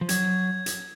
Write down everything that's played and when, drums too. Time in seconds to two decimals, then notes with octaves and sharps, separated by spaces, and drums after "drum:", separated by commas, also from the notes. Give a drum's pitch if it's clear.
0.01 F3
0.09 F#3 G#6, drum: hi-hat
0.27 G#6
0.48 G#6
0.66 drum: hi-hat